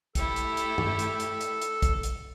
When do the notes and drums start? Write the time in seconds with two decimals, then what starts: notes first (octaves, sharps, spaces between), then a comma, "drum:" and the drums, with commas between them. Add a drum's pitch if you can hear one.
0.15 A3 E4 G4 A4, drum: kick, hi-hat
0.36 drum: hi-hat
0.57 drum: hi-hat
0.78 drum: tom G2
0.99 drum: hi-hat
1.20 drum: hi-hat
1.41 drum: hi-hat
1.62 drum: hi-hat
1.82 drum: kick, hi-hat
2.03 drum: hi-hat